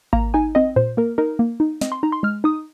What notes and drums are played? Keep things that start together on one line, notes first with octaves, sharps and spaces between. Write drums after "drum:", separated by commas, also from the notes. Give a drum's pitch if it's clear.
A#3 A#5, drum: kick G#1
D#4 G#5
C4 D#5
A#2 C5
A#3 A#4
D#4 A#4
A#3
D#4
C4 D#5, drum: snare
C6
D#4 A#5
C6
G#3 F6
D#4 D#6